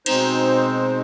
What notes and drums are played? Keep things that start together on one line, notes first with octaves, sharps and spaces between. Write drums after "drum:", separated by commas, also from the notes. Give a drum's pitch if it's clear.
B2 G#3 C4 D#4 C5, drum: cymbal